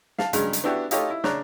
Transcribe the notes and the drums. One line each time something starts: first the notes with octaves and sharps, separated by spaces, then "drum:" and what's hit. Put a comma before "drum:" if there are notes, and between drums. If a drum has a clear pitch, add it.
F5 A5, drum: snare
G2 C#3 F#3 G#3, drum: hi-hat
drum: hi-hat
B3 D4 E4 F#4 G4
D#4 F4 G4 A4 C#5 D#5, drum: hi-hat
E4
C#3 D4 C#5 A#5 F#6, drum: snare